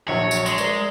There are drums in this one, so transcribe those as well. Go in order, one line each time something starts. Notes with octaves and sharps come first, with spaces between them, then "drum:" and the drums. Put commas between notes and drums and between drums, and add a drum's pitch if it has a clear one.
A#1 F#3 C#5
drum: tambourine
G#3, drum: tambourine
A#4 D5, drum: tambourine